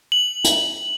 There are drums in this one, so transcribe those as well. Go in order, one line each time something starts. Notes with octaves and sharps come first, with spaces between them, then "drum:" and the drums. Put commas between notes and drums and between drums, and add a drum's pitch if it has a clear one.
F#7
drum: hi-hat